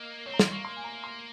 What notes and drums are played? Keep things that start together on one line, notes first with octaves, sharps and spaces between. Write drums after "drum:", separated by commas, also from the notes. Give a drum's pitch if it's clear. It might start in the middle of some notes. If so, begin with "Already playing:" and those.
Already playing: A#3 D#5
C4 C#5
A#5
A#3 C6, drum: snare
A#3 C#6
C6
G#5
A#5
C6